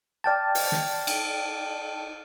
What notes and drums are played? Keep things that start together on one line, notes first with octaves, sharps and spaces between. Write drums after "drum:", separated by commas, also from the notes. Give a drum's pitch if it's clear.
D5 G5 A5 F6 A6
drum: open hi-hat
drum: snare
drum: cymbal